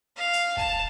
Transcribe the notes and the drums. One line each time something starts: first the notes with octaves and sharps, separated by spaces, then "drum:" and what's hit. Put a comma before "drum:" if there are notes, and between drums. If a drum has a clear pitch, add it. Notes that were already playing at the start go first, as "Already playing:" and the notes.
F5
drum: hi-hat
A5, drum: kick